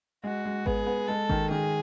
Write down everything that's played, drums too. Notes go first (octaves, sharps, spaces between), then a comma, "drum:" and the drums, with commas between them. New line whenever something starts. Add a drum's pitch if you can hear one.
G#3 F#4
G#3
B3 G#4, drum: kick G#1
B3
G#3 A4
D#3, drum: kick G#1
D#3 G#4